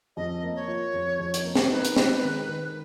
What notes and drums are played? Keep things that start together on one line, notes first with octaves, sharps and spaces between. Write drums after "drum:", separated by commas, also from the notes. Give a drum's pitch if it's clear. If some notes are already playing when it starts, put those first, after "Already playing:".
F2 D#5
A#3
C#5
F4
F2
F2
drum: hi-hat
A#3
drum: snare
D#4 B4
drum: hi-hat
G#3, drum: snare
D#3
D#3